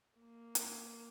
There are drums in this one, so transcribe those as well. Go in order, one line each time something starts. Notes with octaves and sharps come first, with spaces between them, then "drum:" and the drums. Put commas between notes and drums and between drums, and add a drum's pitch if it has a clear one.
A#3
drum: hi-hat